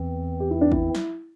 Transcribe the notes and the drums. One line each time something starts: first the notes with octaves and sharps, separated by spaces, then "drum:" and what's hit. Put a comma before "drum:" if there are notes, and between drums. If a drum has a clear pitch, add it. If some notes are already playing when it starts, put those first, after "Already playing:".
Already playing: E2 E3 C4
G4
E4
D4
E4, drum: kick G#1
drum: snare